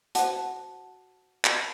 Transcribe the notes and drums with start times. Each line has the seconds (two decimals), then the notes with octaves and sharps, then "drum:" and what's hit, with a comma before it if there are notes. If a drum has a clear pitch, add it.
0.15 F#4 C5 F#5 A5, drum: hi-hat
1.45 drum: clap